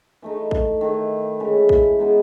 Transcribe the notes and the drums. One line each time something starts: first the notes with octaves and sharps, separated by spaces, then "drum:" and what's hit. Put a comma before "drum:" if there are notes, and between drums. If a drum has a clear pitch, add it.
E3 A3 D#4
drum: kick
D#3 A3 E4 B4
C#3 E3 G#3
drum: kick
B2 G#3 B3 D#4